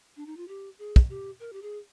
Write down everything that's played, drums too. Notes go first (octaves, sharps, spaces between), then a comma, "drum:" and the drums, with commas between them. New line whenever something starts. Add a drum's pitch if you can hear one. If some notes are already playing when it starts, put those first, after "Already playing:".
D4
D#4
F4
G4
G#4
drum: kick
G4
A#4
G4
G#4